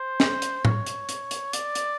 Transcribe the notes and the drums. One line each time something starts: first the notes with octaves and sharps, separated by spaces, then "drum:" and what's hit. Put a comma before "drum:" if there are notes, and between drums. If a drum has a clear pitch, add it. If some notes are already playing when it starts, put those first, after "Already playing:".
Already playing: C5
drum: snare
drum: hi-hat
C#5, drum: tom A2
drum: hi-hat
drum: hi-hat
drum: hi-hat
D5, drum: hi-hat
drum: hi-hat